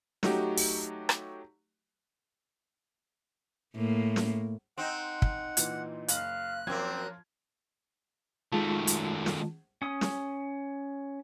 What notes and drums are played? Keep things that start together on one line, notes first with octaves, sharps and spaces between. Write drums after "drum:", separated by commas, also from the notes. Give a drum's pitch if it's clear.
F#3 A3 D#4 F#4 G4, drum: snare
drum: open hi-hat
drum: rim click
A2 A#3
drum: snare
C4 D#4 F#5
drum: kick
A#2 E3, drum: hi-hat
F#1 F5 F#6 F#7, drum: hi-hat
F#2 F3 A#3 C4 F4 G#6
D#3 G#3 A3 F4 A5
drum: hi-hat
drum: snare
C#4 D#6
drum: snare